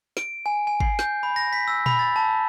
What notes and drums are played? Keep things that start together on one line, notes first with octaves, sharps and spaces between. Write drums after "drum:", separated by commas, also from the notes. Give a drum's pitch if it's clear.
D7, drum: snare
G#5
G#5
C7, drum: kick G#1
G6, drum: snare
B5
A#6
B6
E6
B5, drum: tom A#2
A6
A5